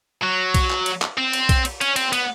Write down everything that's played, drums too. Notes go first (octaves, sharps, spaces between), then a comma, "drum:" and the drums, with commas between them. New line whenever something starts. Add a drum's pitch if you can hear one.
F#3
drum: kick B1, cymbal
drum: clap
drum: cymbal
drum: clap
C4
drum: cymbal
drum: kick B1, cymbal
drum: cymbal
C#4, drum: cymbal
C4, drum: cymbal
B3, drum: cymbal